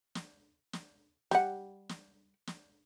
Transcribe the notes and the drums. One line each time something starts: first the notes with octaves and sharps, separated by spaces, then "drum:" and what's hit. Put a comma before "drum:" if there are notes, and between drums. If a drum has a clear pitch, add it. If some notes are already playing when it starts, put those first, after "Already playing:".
drum: snare
drum: snare
G3 F#5, drum: snare
drum: snare
drum: snare